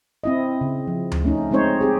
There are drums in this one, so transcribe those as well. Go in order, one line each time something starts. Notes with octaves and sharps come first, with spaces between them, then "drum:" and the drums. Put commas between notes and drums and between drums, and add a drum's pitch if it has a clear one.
C4 E4 D#5
C#3
F3
drum: tom D2
A3 C#4 D#4
G#3 C4 D#4 C5 C#5
C4 G4 G#4